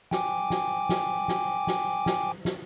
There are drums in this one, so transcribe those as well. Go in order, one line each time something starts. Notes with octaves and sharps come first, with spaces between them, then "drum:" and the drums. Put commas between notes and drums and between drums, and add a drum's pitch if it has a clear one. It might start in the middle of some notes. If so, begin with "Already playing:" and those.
G5 G#5 D6, drum: snare
drum: snare
drum: snare
drum: snare
drum: snare
drum: snare
drum: snare